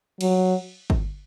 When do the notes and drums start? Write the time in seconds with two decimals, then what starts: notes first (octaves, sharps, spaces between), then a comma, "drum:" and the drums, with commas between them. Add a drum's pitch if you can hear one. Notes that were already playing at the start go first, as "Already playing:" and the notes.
0.21 F#3, drum: cymbal
0.90 drum: kick